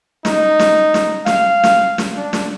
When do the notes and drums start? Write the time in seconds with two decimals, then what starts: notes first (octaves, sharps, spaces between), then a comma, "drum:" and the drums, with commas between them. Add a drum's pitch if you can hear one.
0.25 D#4, drum: snare
0.59 drum: snare
0.94 drum: snare
1.26 F5, drum: snare
1.63 drum: snare
1.98 drum: snare
2.17 D4
2.33 drum: snare